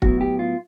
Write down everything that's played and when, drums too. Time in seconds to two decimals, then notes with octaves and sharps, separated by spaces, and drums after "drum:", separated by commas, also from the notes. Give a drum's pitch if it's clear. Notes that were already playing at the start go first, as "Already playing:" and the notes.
0.02 A2 F#3 B3 E4 F#4, drum: kick
0.21 G4
0.39 F4